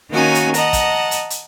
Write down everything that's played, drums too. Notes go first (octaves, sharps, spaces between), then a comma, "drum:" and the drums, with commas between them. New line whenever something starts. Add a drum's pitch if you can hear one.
D#3 A#3 C#4 D#4 F#4 G#5
drum: hi-hat
D#5 F#5 A5 A#5, drum: hi-hat
drum: kick, hi-hat
drum: hi-hat
drum: hi-hat